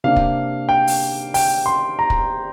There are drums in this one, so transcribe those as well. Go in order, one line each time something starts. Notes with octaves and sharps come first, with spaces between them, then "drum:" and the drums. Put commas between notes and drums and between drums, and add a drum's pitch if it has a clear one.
C3 A#3 D4 F5
drum: kick
G5
drum: open hi-hat
G5, drum: open hi-hat
C6
A#5
drum: kick